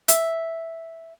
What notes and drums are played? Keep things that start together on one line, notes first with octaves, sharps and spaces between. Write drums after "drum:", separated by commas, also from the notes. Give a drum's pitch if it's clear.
E5, drum: hi-hat